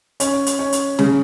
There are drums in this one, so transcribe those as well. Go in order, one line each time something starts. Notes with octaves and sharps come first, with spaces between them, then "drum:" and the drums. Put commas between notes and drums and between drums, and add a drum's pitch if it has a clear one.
C#4, drum: hi-hat
drum: hi-hat
C#4
drum: hi-hat
C#3, drum: snare